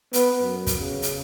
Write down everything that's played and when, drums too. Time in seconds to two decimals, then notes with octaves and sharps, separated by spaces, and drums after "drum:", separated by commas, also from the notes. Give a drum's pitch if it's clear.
0.13 B3, drum: hi-hat
0.41 F#2
0.67 drum: kick, hi-hat
0.78 C#3
1.02 drum: hi-hat